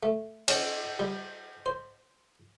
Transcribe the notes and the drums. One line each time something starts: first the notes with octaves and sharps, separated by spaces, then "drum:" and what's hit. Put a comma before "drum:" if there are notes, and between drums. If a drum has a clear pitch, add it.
A3
C#4, drum: cymbal
G3
C5